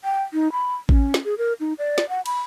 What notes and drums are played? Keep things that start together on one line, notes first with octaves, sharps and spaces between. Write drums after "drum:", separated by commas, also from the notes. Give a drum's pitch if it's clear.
G5
D#4
B5
C#4, drum: kick A1
drum: snare
G#4
A#4
D#4
D5
drum: snare
F#5
B5, drum: cymbal